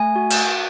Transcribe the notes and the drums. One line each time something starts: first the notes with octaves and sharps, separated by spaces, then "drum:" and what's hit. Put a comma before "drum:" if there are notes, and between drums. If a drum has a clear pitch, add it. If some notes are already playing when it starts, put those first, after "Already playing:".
Already playing: A3 G#5
F#4
drum: cymbal